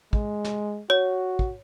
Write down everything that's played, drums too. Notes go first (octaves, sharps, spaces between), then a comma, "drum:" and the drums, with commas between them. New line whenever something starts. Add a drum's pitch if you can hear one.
G#3, drum: kick
drum: snare
F#4 C#5
drum: kick